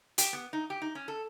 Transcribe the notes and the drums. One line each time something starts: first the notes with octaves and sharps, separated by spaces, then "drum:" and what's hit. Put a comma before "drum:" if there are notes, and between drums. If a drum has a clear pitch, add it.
G4, drum: hi-hat
B3
D#4
G4
D#4
C#4
A4